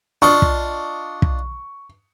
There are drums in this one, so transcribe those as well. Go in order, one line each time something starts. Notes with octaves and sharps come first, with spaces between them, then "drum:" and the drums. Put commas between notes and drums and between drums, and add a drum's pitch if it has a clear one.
D4 F4 D#5 C#6
drum: kick
drum: kick